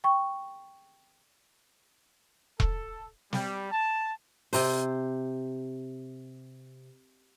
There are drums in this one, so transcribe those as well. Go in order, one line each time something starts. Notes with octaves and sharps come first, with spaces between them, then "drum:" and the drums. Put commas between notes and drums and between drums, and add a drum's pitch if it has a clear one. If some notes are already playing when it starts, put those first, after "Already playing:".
G5 C#6
A4, drum: kick E1
G3, drum: snare
A5
C3 C5, drum: open hi-hat